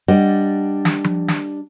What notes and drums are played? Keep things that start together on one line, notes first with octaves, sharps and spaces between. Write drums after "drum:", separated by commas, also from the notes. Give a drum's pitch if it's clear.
G3 D4 D#5 F#5
drum: snare
drum: tom F3
drum: snare